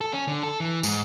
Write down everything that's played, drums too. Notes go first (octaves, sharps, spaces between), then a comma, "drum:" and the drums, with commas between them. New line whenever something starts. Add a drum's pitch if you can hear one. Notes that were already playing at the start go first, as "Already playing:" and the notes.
A4
C#4
D3
A4
E3
G#2, drum: tambourine